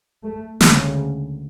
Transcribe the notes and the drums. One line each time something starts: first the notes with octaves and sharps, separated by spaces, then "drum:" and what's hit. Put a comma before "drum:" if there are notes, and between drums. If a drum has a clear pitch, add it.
A3
D2 C#3 G#3, drum: snare